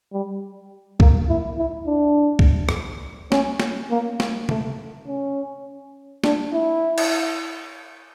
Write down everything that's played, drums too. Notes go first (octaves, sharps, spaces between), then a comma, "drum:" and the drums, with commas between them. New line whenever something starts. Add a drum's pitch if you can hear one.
G3
A#3, drum: kick C2
E4
E4
D4
drum: kick C2
drum: rim click
C#4, drum: snare
drum: snare
A#3
A#3, drum: snare
A3, drum: tom C3
C#4
D4, drum: snare
E4
drum: cymbal